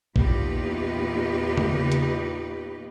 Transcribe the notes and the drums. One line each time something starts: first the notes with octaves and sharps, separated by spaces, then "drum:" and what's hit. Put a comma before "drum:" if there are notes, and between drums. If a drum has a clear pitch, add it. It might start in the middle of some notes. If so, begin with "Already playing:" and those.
E2 A#2 D#4 F4 G4 B4, drum: kick
drum: tom C#3
drum: hi-hat